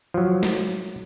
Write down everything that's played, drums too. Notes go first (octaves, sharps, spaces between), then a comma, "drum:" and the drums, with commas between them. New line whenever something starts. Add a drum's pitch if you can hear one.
F3 F#3
drum: snare